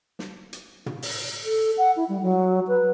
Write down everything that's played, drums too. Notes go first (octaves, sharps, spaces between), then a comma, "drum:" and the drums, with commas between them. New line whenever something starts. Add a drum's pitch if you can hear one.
drum: snare
drum: hi-hat
drum: tom
drum: open hi-hat
A4
F#5
E4
G3
F#3
B4